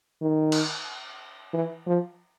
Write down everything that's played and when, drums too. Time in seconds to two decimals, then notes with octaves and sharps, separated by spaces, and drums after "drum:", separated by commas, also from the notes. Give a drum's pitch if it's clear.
0.22 D#3
0.52 drum: cymbal
1.54 E3
1.87 F3